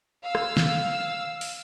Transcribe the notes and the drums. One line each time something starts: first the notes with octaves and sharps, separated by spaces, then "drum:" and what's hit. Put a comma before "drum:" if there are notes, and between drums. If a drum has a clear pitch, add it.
F5 E6
drum: rim click
drum: snare
drum: open hi-hat